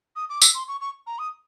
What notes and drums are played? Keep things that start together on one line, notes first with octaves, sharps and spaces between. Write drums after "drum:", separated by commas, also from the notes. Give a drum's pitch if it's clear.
D#6
D6
E6, drum: tambourine
C6
C#6
C#6
A#5
D#6